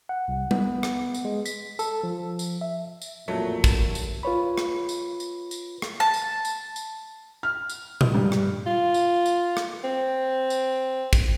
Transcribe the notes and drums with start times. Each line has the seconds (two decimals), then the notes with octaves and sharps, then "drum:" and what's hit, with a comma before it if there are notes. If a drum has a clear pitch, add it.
0.09 F#5
0.28 C2
0.51 B3, drum: tom G3
0.83 drum: rim click
1.14 drum: tambourine
1.25 G#3
1.46 B6, drum: tambourine
1.79 A4, drum: tambourine
2.03 F3
2.39 drum: tambourine
2.61 E5
3.02 drum: tambourine
3.28 A1 F2 A#2 F#3 A3
3.64 drum: kick, tambourine
3.95 drum: tambourine
4.23 F4 B4 C#5 B5
4.58 drum: rim click
4.89 drum: tambourine
5.20 drum: tambourine
5.51 drum: tambourine
5.82 drum: rim click
6.00 A5
6.14 drum: tambourine
6.45 drum: tambourine
6.76 drum: tambourine
7.43 F6
7.70 drum: tambourine
8.01 drum: tom A#2
8.15 G2
8.32 drum: rim click
8.67 F4
8.94 drum: tambourine
9.26 drum: tambourine
9.57 drum: rim click
9.84 C4
10.50 drum: tambourine
11.13 drum: kick, tambourine